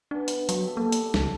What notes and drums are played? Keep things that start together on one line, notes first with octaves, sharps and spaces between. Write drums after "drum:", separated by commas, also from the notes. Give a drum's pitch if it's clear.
E3 B3 D4
drum: hi-hat
F#3 B4, drum: hi-hat
G4 A4
D3 A#3
drum: hi-hat
C#2, drum: snare